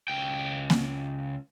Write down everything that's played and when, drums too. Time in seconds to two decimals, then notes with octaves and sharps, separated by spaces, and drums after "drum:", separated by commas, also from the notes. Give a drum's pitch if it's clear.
0.08 C#2 G5
0.70 drum: snare A#3